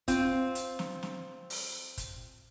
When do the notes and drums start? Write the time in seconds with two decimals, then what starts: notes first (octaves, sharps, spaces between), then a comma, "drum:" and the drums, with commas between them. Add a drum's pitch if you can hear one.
0.08 C4 F4, drum: kick, hi-hat
0.55 drum: hi-hat
0.79 drum: snare
1.03 drum: snare
1.50 drum: open hi-hat
1.97 drum: kick, hi-hat